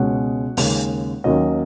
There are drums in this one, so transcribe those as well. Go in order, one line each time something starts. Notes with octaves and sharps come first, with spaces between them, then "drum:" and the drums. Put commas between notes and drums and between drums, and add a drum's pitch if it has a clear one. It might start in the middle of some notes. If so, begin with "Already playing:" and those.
Already playing: C#2 B2 G#3 C#4 F#5
D#2 C#3 G#3 C#4, drum: open hi-hat
D#2 D#3 F#3 C#4 D#5